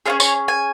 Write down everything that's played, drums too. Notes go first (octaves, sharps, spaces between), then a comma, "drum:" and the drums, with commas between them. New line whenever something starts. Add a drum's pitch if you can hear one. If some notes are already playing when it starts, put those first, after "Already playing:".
C#4 F4 G#4 C#5
C#5, drum: tambourine
G#5